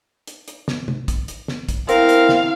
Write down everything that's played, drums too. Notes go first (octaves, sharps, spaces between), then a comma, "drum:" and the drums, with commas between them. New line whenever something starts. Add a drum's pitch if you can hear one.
drum: hi-hat
drum: hi-hat
drum: snare
drum: tom
drum: kick, hi-hat
drum: hi-hat
drum: snare
drum: kick, hi-hat
C4 E4 A#4 F5, drum: hi-hat
drum: hi-hat
drum: snare